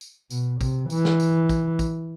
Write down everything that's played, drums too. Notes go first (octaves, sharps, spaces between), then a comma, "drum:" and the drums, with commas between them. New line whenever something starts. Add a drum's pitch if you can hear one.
drum: tambourine
B2, drum: tambourine
C3, drum: kick, tambourine
E3, drum: tambourine
drum: snare
drum: tambourine
drum: kick, tambourine
drum: kick, tambourine